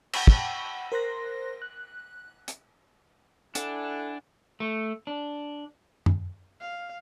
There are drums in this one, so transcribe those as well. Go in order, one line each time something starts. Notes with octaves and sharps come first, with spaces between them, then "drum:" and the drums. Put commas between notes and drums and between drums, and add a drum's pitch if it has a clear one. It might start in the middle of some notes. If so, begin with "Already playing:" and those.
F#5 G5 A5 B5 C#6 E6, drum: cymbal
drum: kick
A#4 C5 C6 F#6 A#6
F#6
drum: hi-hat
D4 E4 A4 F#5 G#5, drum: hi-hat
A3
D4
drum: tom F#2
F5